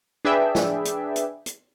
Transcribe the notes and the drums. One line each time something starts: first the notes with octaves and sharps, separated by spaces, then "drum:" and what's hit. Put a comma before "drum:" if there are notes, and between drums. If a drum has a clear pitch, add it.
D4 G#4 B4 D5 E5 G5
drum: snare
drum: hi-hat
drum: hi-hat
drum: hi-hat